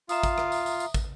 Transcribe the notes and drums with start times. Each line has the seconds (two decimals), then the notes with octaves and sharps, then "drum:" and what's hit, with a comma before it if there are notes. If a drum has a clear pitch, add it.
0.09 F4 E5 F5 A#5 D#6, drum: tambourine
0.23 drum: kick, tambourine
0.38 drum: rim click
0.52 drum: tambourine
0.66 drum: tambourine
0.80 drum: tambourine
0.94 drum: kick, tambourine